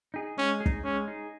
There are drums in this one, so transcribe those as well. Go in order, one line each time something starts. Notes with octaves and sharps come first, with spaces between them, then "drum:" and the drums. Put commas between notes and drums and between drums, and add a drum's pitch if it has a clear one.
D#4 G#4
G#3 C#4
G#4
D#4, drum: kick
G#3 C#4
D#4 G#4